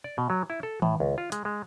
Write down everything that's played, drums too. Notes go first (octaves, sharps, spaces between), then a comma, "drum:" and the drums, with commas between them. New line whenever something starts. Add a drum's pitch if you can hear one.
D5
B2
F#3
E4
A4
A2, drum: tom D#3
C#2
F4
G#3, drum: hi-hat
G#3